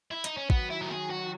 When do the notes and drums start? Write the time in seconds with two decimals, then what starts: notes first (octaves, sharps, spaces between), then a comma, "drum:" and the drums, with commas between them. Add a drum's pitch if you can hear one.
0.11 E4
0.24 D#4, drum: hi-hat
0.37 C#4
0.50 D#3 F#3 B3, drum: kick A1
0.70 E4
0.81 A#4
0.90 G#4
1.10 F#4